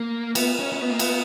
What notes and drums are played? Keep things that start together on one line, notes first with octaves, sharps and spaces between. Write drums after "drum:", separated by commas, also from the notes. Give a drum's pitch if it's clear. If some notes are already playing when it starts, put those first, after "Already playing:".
Already playing: A#3
B3, drum: cymbal
C#4
C#4
B3
A#3
B3, drum: cymbal